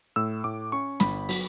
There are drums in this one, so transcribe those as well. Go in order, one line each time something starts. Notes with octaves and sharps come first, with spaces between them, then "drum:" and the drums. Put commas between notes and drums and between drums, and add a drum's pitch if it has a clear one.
A2 E6
A2 D6
C#4 C#6
G1 B5, drum: snare
F#3, drum: open hi-hat